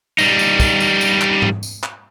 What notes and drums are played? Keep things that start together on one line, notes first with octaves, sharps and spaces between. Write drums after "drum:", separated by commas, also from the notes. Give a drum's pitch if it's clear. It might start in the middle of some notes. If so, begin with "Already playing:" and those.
G3 D#4, drum: tambourine
drum: tambourine
drum: kick, tambourine
drum: tambourine
drum: tambourine
drum: clap
drum: tom G#2
drum: tambourine
drum: clap